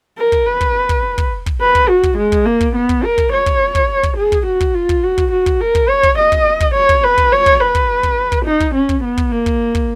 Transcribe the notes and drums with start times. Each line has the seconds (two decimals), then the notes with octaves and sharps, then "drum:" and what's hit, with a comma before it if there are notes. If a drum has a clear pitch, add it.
0.18 A#4
0.32 drum: kick
0.46 B4
0.61 drum: kick
0.89 drum: kick
1.18 drum: kick
1.46 drum: kick
1.61 B4
1.75 drum: kick
1.89 F#4
2.03 drum: kick
2.18 G#3
2.32 drum: kick
2.46 A#3
2.61 drum: kick
2.75 B3
2.89 drum: kick
3.04 A#4
3.18 drum: kick
3.33 C#5
3.46 drum: kick
3.75 drum: kick
4.03 drum: kick
4.17 G#4
4.32 drum: kick
4.46 F#4
4.60 drum: kick
4.75 F4
4.89 drum: kick
5.03 F#4
5.18 drum: kick
5.32 F#4
5.46 drum: kick
5.61 A#4
5.75 drum: kick
5.89 C#5
6.03 drum: kick
6.18 D#5
6.32 drum: kick
6.60 drum: kick
6.75 C#5
6.89 drum: kick
7.03 B4
7.18 drum: kick
7.32 C#5
7.46 drum: kick
7.61 B4
7.75 drum: kick
8.03 drum: kick
8.32 drum: kick
8.45 D#4
8.60 drum: kick
8.74 C#4
8.89 drum: kick
9.04 B3
9.17 drum: kick
9.31 A#3
9.46 drum: kick
9.75 drum: kick